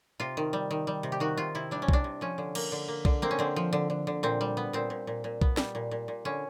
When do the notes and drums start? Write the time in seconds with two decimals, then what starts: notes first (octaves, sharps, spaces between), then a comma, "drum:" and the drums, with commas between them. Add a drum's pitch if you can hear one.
0.20 C3 F4
0.37 D#3
0.53 G3
0.71 D#3
0.87 G3
1.03 C3
1.12 G4
1.20 D#3 F#4
1.37 C3 F4
1.55 C3 E4
1.71 G3 D4
1.82 C#4
1.89 C3 D4, drum: kick B1
2.04 C3
2.21 F3 C#4
2.38 D3
2.55 A#3, drum: cymbal
2.72 D3
2.88 A#3
3.05 D3, drum: kick B1
3.22 A#3 C4
3.31 C#4
3.39 D3 C4
3.56 F3
3.73 D3
3.90 D3
4.07 D3
4.23 A#2 C4
4.41 G3
4.57 B3
4.73 A#2 C4
4.90 A#2
5.07 A#2
5.24 A#2
5.42 B3, drum: kick B1
5.57 G3, drum: snare
5.75 A#2
5.91 A#2
6.08 A#2
6.25 D3 C#4